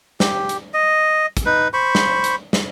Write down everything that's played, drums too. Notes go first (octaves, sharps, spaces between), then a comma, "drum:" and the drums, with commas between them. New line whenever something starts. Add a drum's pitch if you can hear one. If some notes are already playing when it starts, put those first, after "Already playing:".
G4, drum: snare
drum: hi-hat
D#5
drum: kick, hi-hat
D#4 B4
C5 B5 C#6
drum: snare
drum: hi-hat
drum: snare